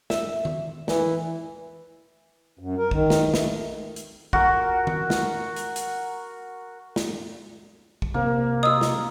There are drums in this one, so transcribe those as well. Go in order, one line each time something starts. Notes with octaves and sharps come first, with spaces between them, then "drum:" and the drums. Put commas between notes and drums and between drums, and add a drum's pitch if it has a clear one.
E5, drum: snare
drum: tom D#3
E3, drum: snare
F#2
A#4
D#3, drum: kick
drum: snare
A3, drum: snare
drum: hi-hat
F#4 A#4, drum: kick
drum: tom D#3
drum: snare
drum: hi-hat
drum: hi-hat
drum: snare
drum: kick
C3 A#3
F#4 D#5 D#6 E6
drum: snare